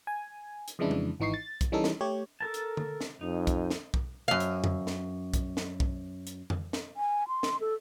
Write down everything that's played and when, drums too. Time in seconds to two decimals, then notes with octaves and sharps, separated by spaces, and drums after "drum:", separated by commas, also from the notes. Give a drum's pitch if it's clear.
0.07 G#5
0.68 drum: hi-hat
0.79 F2 C#3 E3 G#3 D4 E4
0.91 drum: tom F3
1.20 G#1 E3 D#4 C#6 C7
1.34 A6
1.61 drum: kick B1, hi-hat
1.72 E3 G3 C#4 D#4 G#4 A4
1.84 drum: snare
2.01 A3 G4 C#5
2.41 A4 A#4 A5
2.54 drum: hi-hat
2.77 drum: tom D3
3.01 drum: snare
3.21 F2 D#4
3.47 drum: kick B1, hi-hat
3.70 drum: snare
3.94 drum: kick B1
4.28 F#2 F5
4.40 drum: hi-hat
4.64 drum: tom F2
4.87 drum: snare
5.34 drum: kick B1, hi-hat
5.57 drum: snare
5.80 drum: kick B1
6.27 drum: hi-hat
6.50 drum: tom F2
6.73 drum: snare
6.97 G#5
7.28 C6
7.43 drum: snare
7.61 A4